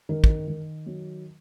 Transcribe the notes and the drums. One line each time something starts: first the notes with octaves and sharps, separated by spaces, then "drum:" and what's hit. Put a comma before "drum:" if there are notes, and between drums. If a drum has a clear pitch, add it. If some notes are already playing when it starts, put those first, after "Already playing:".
D#3 A#4
drum: kick
D#3
F#3